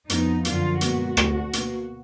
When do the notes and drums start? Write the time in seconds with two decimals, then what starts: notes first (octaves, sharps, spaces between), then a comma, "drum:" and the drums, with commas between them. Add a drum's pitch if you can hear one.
0.10 F2 F3 B3 D#4, drum: hi-hat
0.45 F#2 D3 F3 F4, drum: hi-hat
0.81 A#2 G#3 B3 F#4, drum: hi-hat
1.17 D2 D3 F#3, drum: rim click
1.53 B2 A#3, drum: hi-hat